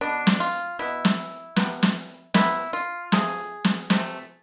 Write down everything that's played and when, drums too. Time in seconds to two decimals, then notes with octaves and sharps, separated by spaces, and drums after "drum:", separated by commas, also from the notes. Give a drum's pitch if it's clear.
0.01 B2 B3 D4
0.27 drum: snare
0.40 F4
0.79 B2 B3 E4
1.05 drum: snare
1.56 C3 F3 B3, drum: snare
1.83 drum: snare
2.34 C3 F3 B3 E4, drum: snare
2.73 F4
3.12 C3 F3 A3 G#4, drum: snare
3.64 drum: snare
3.90 C3 F3 A3, drum: snare